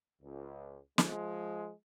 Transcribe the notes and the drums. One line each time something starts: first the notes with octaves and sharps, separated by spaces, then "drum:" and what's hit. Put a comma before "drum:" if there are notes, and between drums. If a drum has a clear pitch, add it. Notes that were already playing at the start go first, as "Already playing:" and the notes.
C#2
F3 G#3, drum: snare